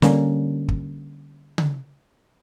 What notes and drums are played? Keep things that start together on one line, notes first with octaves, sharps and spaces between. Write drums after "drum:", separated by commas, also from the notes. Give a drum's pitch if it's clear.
D3 G3 A#3 C#4, drum: snare
drum: kick
drum: tom C#3